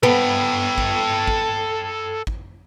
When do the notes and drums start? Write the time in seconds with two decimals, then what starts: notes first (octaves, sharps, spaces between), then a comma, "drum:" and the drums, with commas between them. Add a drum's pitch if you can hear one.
0.03 B3 A4 G5
0.78 drum: kick G#1
1.27 drum: kick G#1
2.27 drum: kick G#1